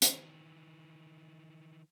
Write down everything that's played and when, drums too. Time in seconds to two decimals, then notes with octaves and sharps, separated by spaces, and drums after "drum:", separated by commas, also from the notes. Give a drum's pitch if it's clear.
0.02 D#3 E3, drum: hi-hat